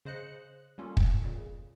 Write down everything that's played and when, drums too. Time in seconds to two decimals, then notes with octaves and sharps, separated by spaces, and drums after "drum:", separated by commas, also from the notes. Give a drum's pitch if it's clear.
0.05 C#3 C5 D#5 F#6 C#7
0.78 G3 A#3 C#4 F4 A4
0.97 drum: kick
1.23 F2 A#2 C#3